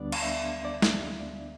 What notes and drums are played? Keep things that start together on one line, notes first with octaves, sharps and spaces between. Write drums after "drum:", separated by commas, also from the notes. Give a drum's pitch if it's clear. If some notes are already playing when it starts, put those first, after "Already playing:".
Already playing: D2 D3 G3 B3 D4 D5
F5, drum: cymbal
E5
D5
drum: snare